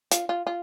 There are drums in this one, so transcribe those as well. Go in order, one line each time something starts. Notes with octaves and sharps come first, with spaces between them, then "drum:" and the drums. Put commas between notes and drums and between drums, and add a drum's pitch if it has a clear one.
F4, drum: hi-hat
F4
F4